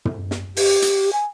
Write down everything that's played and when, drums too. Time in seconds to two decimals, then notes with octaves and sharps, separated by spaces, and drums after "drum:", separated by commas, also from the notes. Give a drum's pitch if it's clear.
0.05 drum: tom
0.31 drum: snare
0.57 G4, drum: open hi-hat
0.82 drum: hi-hat
1.13 G#5